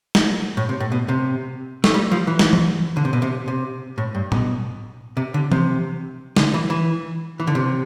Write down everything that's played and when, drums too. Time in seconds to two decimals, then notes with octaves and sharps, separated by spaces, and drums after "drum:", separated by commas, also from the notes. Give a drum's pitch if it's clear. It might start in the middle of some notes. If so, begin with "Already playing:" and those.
0.15 drum: snare
0.57 A2
0.69 C3
0.80 A2
0.92 B2
1.09 C3
1.84 A3, drum: snare
1.94 G3
2.11 F3
2.27 E3
2.39 drum: snare
2.53 drum: tom E3
2.97 D3
3.05 C3
3.13 B2
3.22 C3
3.48 C3
3.98 A2
4.15 G2
4.32 B2, drum: tom A2
5.17 C3
5.34 D3
5.52 C3, drum: tom E3
6.37 D3, drum: snare
6.54 E3
6.70 E3
7.40 E3
7.47 D3
7.55 C3